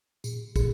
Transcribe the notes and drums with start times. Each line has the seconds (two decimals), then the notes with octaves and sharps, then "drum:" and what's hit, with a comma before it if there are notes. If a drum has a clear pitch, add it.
0.24 A#2, drum: tambourine
0.56 A#2, drum: kick, tambourine